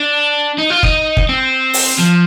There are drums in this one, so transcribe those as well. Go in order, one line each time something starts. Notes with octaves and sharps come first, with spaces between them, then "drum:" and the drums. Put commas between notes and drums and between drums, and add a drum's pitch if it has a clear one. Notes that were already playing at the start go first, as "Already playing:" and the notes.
Already playing: D4
D#4
F4
D#4, drum: kick
drum: kick
C4
drum: open hi-hat
F3